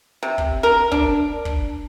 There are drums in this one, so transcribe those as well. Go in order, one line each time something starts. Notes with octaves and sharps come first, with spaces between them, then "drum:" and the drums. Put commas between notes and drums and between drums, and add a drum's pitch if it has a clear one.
C3
drum: kick
A#4
D4, drum: kick
drum: kick